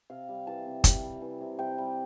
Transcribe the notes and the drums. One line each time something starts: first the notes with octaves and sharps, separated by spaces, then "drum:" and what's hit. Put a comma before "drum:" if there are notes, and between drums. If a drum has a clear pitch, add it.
C3 F5
G3
E3 A5
C3
C3, drum: kick, hi-hat
G3
E3
C3
C3 G5
G3